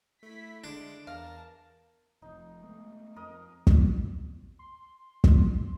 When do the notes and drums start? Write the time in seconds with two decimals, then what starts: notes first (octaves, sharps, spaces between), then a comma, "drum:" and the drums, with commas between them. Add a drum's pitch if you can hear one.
0.23 A3 E4 B6
0.64 D3 G#3 D4 C6 D7
1.07 E2 A#4 F5 A5 A#6
2.22 F1 F2 D#4
2.63 G#3 A3 B3
3.16 F2 C4 A#4 D#5 D#6
3.67 drum: kick
4.59 C6
5.24 drum: kick